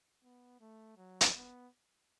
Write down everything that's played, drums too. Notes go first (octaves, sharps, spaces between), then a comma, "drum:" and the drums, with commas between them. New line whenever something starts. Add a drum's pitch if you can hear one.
B3
A3
F#3
drum: hi-hat
B3